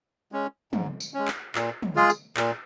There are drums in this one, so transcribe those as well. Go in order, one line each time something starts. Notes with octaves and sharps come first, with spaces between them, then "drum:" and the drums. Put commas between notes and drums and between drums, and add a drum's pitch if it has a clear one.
G#3 C#4
G#2, drum: tom
drum: tambourine
G#3 C#4
drum: clap
A#2, drum: clap
drum: tom
G#3 F4 G#4
drum: tambourine
A#2, drum: clap